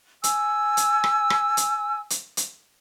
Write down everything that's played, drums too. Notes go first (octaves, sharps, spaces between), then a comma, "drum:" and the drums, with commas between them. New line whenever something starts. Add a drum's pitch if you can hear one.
G#5 E6, drum: hi-hat
drum: hi-hat
drum: rim click
drum: rim click
drum: hi-hat
drum: hi-hat
drum: hi-hat